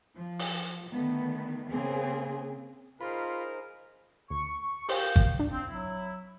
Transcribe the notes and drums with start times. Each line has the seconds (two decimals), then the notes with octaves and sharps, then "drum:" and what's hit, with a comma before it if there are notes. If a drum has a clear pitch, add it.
0.16 F3
0.39 drum: open hi-hat
0.91 D3 D#3 A3 B3
1.70 C#3 A#3 C4 G#4
3.01 D#4 F4 G#4 A#4 C5 B5 C6
4.30 D2 C#6
4.89 G4 A#4 C5 F5 G5, drum: open hi-hat
5.16 drum: kick G#1
5.39 D4
5.51 C4
5.68 F#3 E4